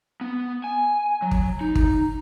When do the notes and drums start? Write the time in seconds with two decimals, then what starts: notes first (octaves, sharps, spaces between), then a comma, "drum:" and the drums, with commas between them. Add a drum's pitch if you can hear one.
0.21 B3
0.64 G#5
1.22 F#3
1.31 drum: kick
1.61 D#4
1.75 drum: kick